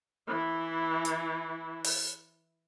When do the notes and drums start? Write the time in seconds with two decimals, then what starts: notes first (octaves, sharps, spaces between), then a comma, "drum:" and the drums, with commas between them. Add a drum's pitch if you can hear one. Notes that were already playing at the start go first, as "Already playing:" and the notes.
0.28 E3 E4
1.05 drum: hi-hat
1.84 drum: open hi-hat